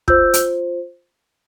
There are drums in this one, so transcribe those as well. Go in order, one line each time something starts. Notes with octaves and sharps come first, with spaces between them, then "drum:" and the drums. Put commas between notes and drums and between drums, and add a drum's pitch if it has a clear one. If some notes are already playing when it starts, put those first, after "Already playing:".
F4 C5 E6 G6, drum: kick
drum: hi-hat